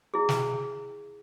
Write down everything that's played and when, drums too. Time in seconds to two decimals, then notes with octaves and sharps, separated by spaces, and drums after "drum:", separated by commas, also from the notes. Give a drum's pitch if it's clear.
0.14 E4 G#4
0.29 drum: snare